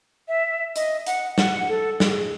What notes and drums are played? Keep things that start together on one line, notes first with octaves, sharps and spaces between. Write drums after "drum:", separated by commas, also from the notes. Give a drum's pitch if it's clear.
E5
D#5, drum: hi-hat
F#5, drum: hi-hat
F#5, drum: snare
A4
G#4, drum: snare